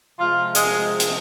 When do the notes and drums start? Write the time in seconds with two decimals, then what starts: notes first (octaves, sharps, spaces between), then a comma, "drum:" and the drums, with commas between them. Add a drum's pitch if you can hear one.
0.18 C3 F3 G#3 F4
0.55 G#3, drum: hi-hat
1.00 drum: hi-hat